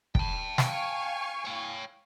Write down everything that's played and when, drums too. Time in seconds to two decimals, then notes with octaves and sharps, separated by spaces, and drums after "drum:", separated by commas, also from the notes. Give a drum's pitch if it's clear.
0.15 G5 A5, drum: kick
0.58 F5 G#5 C#6, drum: snare
1.45 C#5 G5